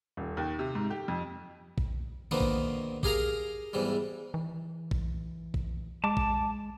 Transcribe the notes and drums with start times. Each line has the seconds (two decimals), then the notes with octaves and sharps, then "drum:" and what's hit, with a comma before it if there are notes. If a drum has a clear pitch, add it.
0.17 D#1
0.37 D#2
0.59 C3
0.75 G#2
0.90 G4
1.08 F2
1.78 drum: kick A1
2.31 B2 D3 D#3 F3 A#3 B3
2.40 drum: kick A1
3.03 G4 G#4 A#4 F5 A#5, drum: kick A1
3.73 E2 G#2 E3 G3
4.34 E3
4.91 drum: kick A1
5.54 drum: kick A1
6.04 G#3 A5 D6
6.17 drum: kick A1